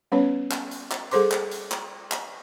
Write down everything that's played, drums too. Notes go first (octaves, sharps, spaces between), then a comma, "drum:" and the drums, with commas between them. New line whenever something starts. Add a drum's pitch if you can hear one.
G3 B3 C#4 B4 C#5
drum: clap
drum: hi-hat
drum: clap
G3 G#4 A4 C5 C6 D6, drum: hi-hat
drum: clap
drum: hi-hat
drum: clap
drum: clap